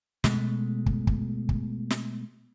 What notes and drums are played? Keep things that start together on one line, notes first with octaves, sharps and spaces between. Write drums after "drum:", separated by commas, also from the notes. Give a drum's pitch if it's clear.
B2 G#3 A3, drum: snare
drum: kick
drum: kick
drum: kick
drum: snare